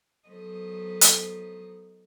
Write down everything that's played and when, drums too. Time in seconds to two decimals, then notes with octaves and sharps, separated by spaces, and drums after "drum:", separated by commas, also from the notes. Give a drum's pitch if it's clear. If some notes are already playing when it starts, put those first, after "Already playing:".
0.27 D#3 F#3 B3 A4 C5 D#5
1.01 drum: hi-hat